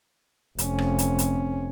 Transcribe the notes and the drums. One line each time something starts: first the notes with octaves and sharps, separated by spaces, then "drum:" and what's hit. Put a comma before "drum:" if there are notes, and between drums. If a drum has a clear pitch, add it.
F1 C#4, drum: hi-hat
drum: rim click
drum: hi-hat
drum: hi-hat